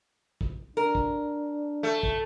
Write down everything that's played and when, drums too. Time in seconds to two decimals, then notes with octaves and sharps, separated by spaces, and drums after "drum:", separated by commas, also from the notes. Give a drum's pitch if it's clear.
0.41 drum: kick
0.77 D4 A#4
0.95 drum: kick
1.83 A3
2.03 drum: kick